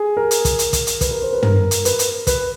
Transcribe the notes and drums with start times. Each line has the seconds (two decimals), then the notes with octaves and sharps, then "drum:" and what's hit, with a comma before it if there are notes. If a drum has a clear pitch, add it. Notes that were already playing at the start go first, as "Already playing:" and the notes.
Already playing: G#4
0.17 A#4
0.31 drum: hi-hat
0.45 drum: kick, hi-hat
0.59 drum: hi-hat
0.73 drum: kick, hi-hat
0.87 drum: hi-hat
1.01 B4, drum: kick, hi-hat
1.11 A#4
1.22 C5
1.33 B4
1.43 A#4, drum: tom
1.71 drum: hi-hat
1.85 B4, drum: hi-hat
1.99 drum: hi-hat
2.27 B4, drum: kick, hi-hat